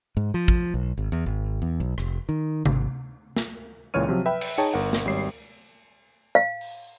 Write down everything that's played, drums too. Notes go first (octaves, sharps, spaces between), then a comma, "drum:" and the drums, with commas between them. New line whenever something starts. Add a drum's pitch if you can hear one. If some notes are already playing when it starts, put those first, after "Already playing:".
G#2
F3
drum: kick
B1
G#1
E2
G#1
E2
B1
F1, drum: rim click
D#3
G#1, drum: tom C3
drum: snare
C#2 A#2 E3 C#5 F6 D#7
C3 F3 F#3
B4 E5 G5 B5
drum: cymbal
D#4 G#4 C#5 G5 A5
G1 A#4 F#5
drum: snare
G#1 G3 C#5 C7
F5
drum: open hi-hat